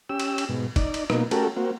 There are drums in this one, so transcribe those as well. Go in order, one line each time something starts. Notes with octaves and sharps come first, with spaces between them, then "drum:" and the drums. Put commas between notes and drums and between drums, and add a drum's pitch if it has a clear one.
C#4 G4 E6
drum: cymbal
drum: cymbal
G#2 B2
D#4 D5, drum: kick F1, cymbal
drum: cymbal
B2 A#3 D#4, drum: rim click
A3 C#4 F#4 G4 A4 A#4, drum: cymbal
A#3 C4 F#4